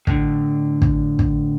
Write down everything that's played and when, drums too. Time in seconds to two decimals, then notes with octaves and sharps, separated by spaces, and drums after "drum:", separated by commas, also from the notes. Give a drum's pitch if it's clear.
0.07 A2 D3, drum: kick
0.82 drum: kick
1.19 drum: kick